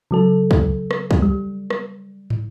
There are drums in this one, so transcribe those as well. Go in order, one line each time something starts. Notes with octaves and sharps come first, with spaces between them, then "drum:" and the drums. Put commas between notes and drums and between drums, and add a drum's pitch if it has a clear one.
C#3 F#3 A4
drum: kick
drum: rim click
drum: kick
G3
drum: rim click
drum: tom